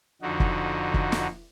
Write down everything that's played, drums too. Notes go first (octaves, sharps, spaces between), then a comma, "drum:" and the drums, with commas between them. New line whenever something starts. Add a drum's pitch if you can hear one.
F2 D3 D#4 F#4
drum: kick
drum: kick
drum: snare